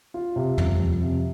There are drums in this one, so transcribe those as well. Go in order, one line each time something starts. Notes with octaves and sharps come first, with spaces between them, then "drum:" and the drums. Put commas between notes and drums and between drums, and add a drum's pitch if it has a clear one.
F4
C3
F2, drum: tom F2
F2
C3